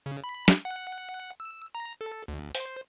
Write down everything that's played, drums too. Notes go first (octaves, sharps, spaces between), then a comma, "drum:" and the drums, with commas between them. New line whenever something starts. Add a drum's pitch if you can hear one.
C#3
B5
drum: snare
F#5
E6
A#5
A4
D2
C5, drum: open hi-hat